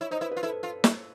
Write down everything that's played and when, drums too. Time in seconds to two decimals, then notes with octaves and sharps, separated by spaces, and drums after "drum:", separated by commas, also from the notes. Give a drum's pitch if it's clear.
0.01 E4 C#5
0.11 D#4 C5
0.21 E4 B4
0.31 B4
0.36 F4
0.43 E4 A4
0.63 F4
0.84 E4, drum: snare